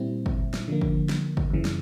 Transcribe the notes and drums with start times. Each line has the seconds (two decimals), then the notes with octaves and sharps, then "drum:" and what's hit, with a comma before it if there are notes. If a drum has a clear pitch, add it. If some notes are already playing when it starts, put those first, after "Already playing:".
Already playing: A#2 G3 C4 E4
0.26 drum: kick
0.54 drum: snare
0.68 D3 F3 A#3
0.81 drum: kick
1.09 drum: snare
1.37 drum: kick
1.50 F#2 C#3 E3
1.65 drum: snare